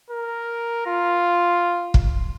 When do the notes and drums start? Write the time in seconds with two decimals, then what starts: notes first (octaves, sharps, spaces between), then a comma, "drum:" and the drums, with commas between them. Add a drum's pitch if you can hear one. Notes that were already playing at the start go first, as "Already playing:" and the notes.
0.10 A#4
0.87 F4
1.94 drum: kick